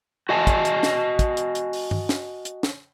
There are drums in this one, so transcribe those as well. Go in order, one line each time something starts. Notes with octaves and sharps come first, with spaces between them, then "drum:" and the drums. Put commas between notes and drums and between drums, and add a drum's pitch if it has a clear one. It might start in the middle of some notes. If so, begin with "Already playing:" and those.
F#4 D#5 G#5 A5
drum: kick, hi-hat
drum: hi-hat
drum: snare
drum: kick, hi-hat
drum: hi-hat
drum: hi-hat
drum: open hi-hat
drum: tom G2
drum: snare
drum: hi-hat
drum: snare